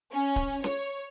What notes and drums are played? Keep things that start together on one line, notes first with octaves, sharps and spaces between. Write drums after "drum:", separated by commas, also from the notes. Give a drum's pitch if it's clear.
C#4
drum: kick D1
C#5, drum: snare C#4